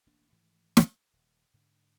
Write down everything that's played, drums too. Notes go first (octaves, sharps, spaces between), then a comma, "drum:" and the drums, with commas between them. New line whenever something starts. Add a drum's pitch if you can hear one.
E1 A1 A#3 D4
G#2 D#3 E3 A3
drum: snare
D#1
G#2 D3